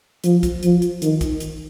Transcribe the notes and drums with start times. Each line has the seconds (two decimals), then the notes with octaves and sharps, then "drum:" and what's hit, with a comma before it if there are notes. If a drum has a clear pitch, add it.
0.24 F3, drum: hi-hat
0.43 drum: kick, hi-hat
0.63 F3, drum: hi-hat
0.82 drum: hi-hat
1.02 D#3, drum: hi-hat
1.21 drum: kick, hi-hat
1.40 drum: hi-hat